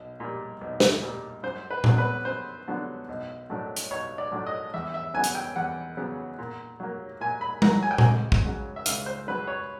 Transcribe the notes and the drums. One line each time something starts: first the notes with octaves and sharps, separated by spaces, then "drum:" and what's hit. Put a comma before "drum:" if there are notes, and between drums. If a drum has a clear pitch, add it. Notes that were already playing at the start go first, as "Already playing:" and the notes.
Already playing: B1
A#2 G3
B1
drum: snare
A#2 G3
F#2 C5
B4
D3 F#3 B3 D4, drum: tom A#2
B4
F#2 C5
D3 F#3 B3 D4
B1
A2 F#3 A3 D4
drum: hi-hat
B1 C#5
D5
A2 F#3 A3 D4
D#5
E2 E5
E5
C#3 F#3 B3 G#5
drum: hi-hat
G5
E2 F#5
C#3 F#3 B3
A#2
F#3 A#3
A#2 G#5
B5
F#3 A#3 A#5, drum: tom G3
G#5
G5
G#5, drum: tom A#2
C#2
drum: kick
C#3 F#3
E5
C#2 F5, drum: hi-hat
C5
C#3 F#3 B4
C#5